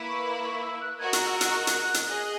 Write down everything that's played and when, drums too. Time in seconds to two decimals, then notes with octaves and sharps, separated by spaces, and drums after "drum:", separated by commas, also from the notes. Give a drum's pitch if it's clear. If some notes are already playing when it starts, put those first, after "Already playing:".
Already playing: A#3 E4 B4
0.08 C#6
0.27 B5
0.44 C#6
0.62 E6
0.81 F#6
0.99 F#4 A#4 D#5 G#6
1.13 F#6, drum: hi-hat
1.27 E6
1.41 F#6, drum: hi-hat
1.67 drum: hi-hat
1.94 drum: hi-hat
2.08 G#4 D#5